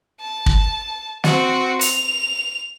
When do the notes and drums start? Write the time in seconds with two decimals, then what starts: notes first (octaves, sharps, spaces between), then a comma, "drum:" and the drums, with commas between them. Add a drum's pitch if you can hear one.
0.21 A5
0.46 drum: kick
1.24 C4 F#4, drum: snare
1.81 F7, drum: hi-hat